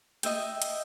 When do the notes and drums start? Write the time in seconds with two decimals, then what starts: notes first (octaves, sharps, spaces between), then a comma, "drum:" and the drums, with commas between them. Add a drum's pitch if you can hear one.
0.23 D#5 E5 G5, drum: hi-hat
0.62 drum: hi-hat